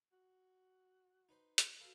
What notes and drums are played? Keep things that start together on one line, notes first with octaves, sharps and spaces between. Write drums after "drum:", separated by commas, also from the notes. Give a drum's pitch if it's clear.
F#4
D#4 B4 C5
drum: hi-hat
F#4 A4 B4 F5